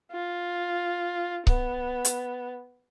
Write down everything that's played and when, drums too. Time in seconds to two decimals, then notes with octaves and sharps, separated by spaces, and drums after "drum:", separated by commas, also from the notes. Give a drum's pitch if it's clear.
0.12 F4
1.47 B3, drum: kick C#1
2.05 drum: hi-hat